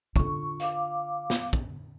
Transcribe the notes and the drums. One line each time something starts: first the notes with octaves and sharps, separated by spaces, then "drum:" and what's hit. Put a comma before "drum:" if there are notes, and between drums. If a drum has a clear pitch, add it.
D3 F4 C#6, drum: kick
F5 D6, drum: hi-hat
drum: snare
drum: kick